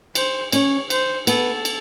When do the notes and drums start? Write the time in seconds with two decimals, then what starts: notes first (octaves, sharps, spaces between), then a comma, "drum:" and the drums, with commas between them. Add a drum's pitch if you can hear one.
0.15 C5, drum: cymbal
0.52 C#4 C#5, drum: cymbal
0.90 C5, drum: cymbal
1.27 B3 A4, drum: cymbal
1.65 drum: cymbal